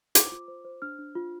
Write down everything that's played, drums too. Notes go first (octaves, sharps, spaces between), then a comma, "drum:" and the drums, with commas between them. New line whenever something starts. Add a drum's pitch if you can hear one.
C5 D6, drum: hi-hat
F4
C5
C5
D4 F6
D4
F4